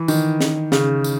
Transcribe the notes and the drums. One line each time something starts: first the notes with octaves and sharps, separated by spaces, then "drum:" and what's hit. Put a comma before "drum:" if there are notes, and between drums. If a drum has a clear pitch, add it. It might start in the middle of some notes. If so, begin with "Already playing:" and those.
Already playing: E3
D#3, drum: tambourine
drum: snare
C#3, drum: snare
drum: tambourine